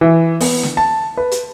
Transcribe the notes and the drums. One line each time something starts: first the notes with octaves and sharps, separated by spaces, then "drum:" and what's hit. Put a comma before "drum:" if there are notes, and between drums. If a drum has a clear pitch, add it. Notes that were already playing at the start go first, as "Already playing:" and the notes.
E3
B3, drum: open hi-hat
drum: snare
A5
B4
drum: hi-hat